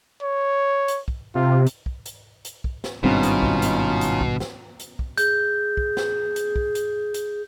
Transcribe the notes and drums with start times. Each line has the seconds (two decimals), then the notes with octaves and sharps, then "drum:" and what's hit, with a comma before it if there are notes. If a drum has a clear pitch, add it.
0.22 C#5
0.88 drum: hi-hat
1.08 drum: kick
1.35 C3 F4
1.66 drum: hi-hat
1.86 drum: kick
2.06 drum: hi-hat
2.45 drum: hi-hat
2.64 drum: kick
2.84 drum: snare
3.03 G#1 G2 B2 C4 C#4 D#4 F4
3.23 drum: hi-hat
3.43 drum: kick
3.62 drum: hi-hat
4.01 drum: hi-hat
4.21 drum: kick
4.40 drum: snare
4.80 drum: hi-hat
4.99 drum: kick
5.18 G#4 G6, drum: hi-hat
5.77 drum: kick
5.97 drum: snare
6.36 drum: hi-hat
6.56 drum: kick
6.75 drum: hi-hat
7.14 drum: hi-hat